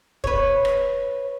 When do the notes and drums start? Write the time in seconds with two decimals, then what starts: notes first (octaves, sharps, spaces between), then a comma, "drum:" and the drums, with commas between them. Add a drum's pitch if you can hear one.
0.24 B4 C#5, drum: kick
0.65 drum: rim click